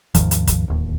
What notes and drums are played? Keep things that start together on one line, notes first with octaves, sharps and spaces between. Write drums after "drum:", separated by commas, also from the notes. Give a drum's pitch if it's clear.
D#2 G#2 D#3 F3, drum: kick, hi-hat
drum: hi-hat
drum: kick, hi-hat
D1 D#2